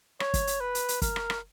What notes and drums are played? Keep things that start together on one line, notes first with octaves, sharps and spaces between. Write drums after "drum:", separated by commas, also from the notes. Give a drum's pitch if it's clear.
C#5, drum: rim click
drum: kick, hi-hat
drum: hi-hat
B4
drum: hi-hat
drum: hi-hat
A#4, drum: kick, hi-hat
drum: rim click
drum: rim click